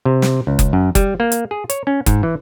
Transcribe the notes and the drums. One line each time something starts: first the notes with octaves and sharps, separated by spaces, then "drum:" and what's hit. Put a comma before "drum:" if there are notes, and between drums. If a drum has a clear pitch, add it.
C3
drum: snare
C#2
drum: kick F#1, hi-hat
F#2
G3, drum: kick F#1, hi-hat
A#3
drum: hi-hat
G#4
C#5, drum: hi-hat
C#4
G#2, drum: kick F#1, hi-hat
E3